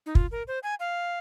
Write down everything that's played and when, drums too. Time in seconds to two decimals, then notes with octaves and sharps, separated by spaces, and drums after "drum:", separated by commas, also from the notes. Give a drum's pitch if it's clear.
0.06 D#4
0.15 F4, drum: kick
0.31 A#4
0.48 C5
0.63 G#5
0.80 F5